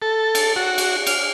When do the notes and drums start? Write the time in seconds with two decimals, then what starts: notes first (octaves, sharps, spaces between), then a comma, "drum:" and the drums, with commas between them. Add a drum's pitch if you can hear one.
0.02 A4
0.35 drum: cymbal
0.56 F#4
0.78 drum: cymbal
1.07 F6, drum: cymbal